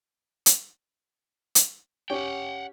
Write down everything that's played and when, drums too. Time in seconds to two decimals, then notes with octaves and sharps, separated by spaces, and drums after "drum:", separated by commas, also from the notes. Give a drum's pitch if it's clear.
0.46 drum: hi-hat
1.55 drum: hi-hat
2.10 C#4 G4 F#5 G5